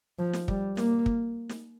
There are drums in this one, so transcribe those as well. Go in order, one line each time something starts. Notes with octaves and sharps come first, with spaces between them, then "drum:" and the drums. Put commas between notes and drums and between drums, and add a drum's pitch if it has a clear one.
F3
drum: snare
G3, drum: kick
A#3, drum: snare
drum: kick
drum: snare